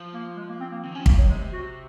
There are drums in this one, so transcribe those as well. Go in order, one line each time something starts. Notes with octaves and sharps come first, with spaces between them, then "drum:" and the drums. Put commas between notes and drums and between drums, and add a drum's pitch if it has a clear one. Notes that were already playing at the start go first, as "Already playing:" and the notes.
Already playing: F3
A#3
G#3
A#3
C4
A#3
D#3 C4
F3 C#4
D#3 A#3, drum: kick
F#3
C3 G#3
F#4